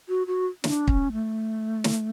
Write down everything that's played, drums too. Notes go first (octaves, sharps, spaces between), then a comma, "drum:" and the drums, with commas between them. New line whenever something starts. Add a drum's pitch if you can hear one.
F#4
F#4
D4, drum: snare
C#4, drum: kick
A3
drum: snare